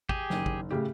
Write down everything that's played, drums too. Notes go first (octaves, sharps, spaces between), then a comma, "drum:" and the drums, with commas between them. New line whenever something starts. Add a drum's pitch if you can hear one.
G4 G#4, drum: kick
F#1 D#3, drum: snare
drum: kick
A2 C#3 G4